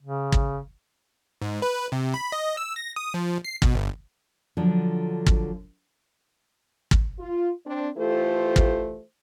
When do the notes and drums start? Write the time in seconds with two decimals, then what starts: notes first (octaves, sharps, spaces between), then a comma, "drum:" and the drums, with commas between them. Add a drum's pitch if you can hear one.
0.02 C#3
0.32 drum: kick
1.42 G#2
1.62 B4
1.92 C3
2.14 B5
2.32 D#5
2.57 E6
2.76 A#6
2.96 D#6
3.14 F3
3.45 C7
3.62 B2, drum: kick
3.75 G1
4.57 D3 F3 F#3 D4
5.26 drum: kick
6.91 drum: kick
7.19 F4
7.67 C4 D4
7.97 E3 A3 F4 G4 A4 C5
8.56 drum: kick